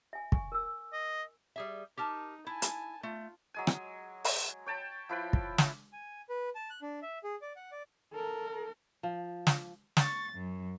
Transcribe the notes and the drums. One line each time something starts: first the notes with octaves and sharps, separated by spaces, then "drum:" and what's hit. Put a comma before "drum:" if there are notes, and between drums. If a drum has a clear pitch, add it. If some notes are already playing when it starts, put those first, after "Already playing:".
E5 G#5
G#5 C#6, drum: kick
A#4 E6
D#5
G3 G#4 E5
D#4 G4 A#4 A5
E4 G#5 A5
drum: hi-hat
A3 F4
F#3 G#3 G#5
drum: rim click
drum: open hi-hat
C#5 G5 A5 B5
F3 E4 B4 G5
drum: kick
G#5, drum: snare
G#5
B4
A5
F#6
D4
E5
G#4
D5
F#5
D5
A4 A#4
F3
drum: snare
C#6 A6, drum: snare
F#2